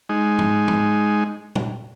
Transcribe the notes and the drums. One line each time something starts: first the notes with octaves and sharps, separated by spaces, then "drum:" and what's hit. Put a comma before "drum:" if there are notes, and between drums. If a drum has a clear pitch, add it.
G#3 D#4
drum: tom
drum: tom
drum: tom